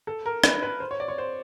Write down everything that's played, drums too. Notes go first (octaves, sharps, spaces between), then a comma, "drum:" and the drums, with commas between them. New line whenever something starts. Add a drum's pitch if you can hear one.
A4
A#4
B4, drum: rim click
B4
C5
C#5
D5
C#5
C5